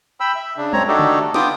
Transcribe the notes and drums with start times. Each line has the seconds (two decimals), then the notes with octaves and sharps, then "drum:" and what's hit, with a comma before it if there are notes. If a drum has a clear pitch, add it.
0.20 G5 B5 E6
0.35 E5
0.57 C#3 D4
0.73 F#2 C4 C#5 A#5, drum: tom G3
0.88 A3 D4 D#4 F#4 G4 A4
0.99 drum: tom C#3
1.34 B3 F4 G5 D6 D#6, drum: snare